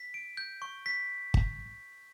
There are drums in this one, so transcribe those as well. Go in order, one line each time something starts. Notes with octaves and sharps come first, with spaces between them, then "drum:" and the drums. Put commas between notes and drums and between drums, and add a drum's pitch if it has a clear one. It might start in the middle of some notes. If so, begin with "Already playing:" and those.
Already playing: B6
D7
G6
C#6
B6
drum: kick